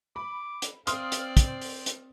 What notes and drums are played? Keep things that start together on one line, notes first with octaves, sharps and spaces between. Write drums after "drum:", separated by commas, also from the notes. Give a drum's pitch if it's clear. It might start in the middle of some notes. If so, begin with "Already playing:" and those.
B5 D6
drum: hi-hat
C4 D5 F5 C6 D#6 F6, drum: hi-hat
drum: hi-hat
drum: kick, hi-hat
C5
drum: open hi-hat
drum: hi-hat